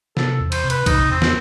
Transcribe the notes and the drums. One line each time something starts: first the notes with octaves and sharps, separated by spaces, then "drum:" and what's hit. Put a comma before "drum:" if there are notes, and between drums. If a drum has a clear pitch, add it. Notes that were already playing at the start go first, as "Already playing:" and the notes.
C3 A4, drum: snare
E2
C5, drum: cymbal
C3
B4, drum: cymbal
C3 D#4, drum: kick, cymbal
E2 C4
drum: snare